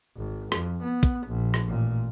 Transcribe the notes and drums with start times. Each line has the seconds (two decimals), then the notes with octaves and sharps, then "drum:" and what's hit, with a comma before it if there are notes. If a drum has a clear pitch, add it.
0.16 G#1
0.52 F2, drum: rim click
0.83 B3
1.03 drum: kick, hi-hat
1.27 A#1
1.54 drum: rim click
1.67 A1 A#2